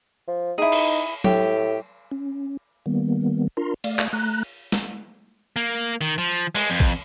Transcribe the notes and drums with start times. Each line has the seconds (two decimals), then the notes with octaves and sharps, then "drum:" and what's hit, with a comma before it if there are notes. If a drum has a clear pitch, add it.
0.27 F3
0.58 D#4 E4 G#4
0.72 drum: cymbal
1.24 A2 G4, drum: tom
2.11 C#4
2.86 D#3 G3 A#3 B3
3.57 D4 F4 A#4 A#5 C6
3.84 A3 D5 F5, drum: cymbal
3.99 drum: clap
4.13 A3 A#5 F#6
4.72 drum: snare
5.56 A#3
6.01 D#3
6.18 F3
6.55 G#3, drum: cymbal
6.70 F2
6.80 drum: kick